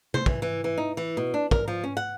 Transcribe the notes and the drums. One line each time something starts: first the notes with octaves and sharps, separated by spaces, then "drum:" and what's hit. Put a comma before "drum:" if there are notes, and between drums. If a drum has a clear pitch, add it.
C5, drum: tom C3
E3, drum: kick
E3
E3
D#4
E3
B2
D4
A#4, drum: kick
F3
C#4
F#5